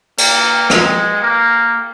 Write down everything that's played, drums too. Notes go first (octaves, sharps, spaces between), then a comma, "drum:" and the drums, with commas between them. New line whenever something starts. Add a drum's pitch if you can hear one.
A#3, drum: cymbal
G#3, drum: rim click
A#3